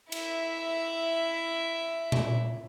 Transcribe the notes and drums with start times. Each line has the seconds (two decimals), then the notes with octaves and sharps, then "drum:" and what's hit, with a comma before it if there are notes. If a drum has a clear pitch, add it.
0.12 E4 E5, drum: cymbal
2.12 drum: tom A#2